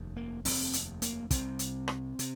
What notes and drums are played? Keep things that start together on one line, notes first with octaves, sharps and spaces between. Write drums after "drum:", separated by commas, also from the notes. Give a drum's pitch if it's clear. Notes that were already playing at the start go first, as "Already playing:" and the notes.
Already playing: F1 D#2
A#3
F1 D#2 C4, drum: open hi-hat
drum: hi-hat
A#3, drum: hi-hat
C2 C3 C4, drum: kick, hi-hat
drum: hi-hat
drum: rim click
C3, drum: hi-hat